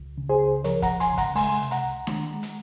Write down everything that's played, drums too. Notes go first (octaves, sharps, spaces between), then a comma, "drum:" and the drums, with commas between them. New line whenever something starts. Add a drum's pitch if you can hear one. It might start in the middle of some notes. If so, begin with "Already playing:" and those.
Already playing: C#2
C#3
G#4 C5
C#2
F3 A#4 C#5, drum: hi-hat
F#5 A#5, drum: kick, hi-hat
C#2
G#5 C6, drum: hi-hat
C#3
F#5 A#5, drum: kick, hi-hat
G#3 G#5 C6, drum: open hi-hat
C3
F#5 A#5, drum: hi-hat
C2
D#3, drum: snare D4
G#3
drum: hi-hat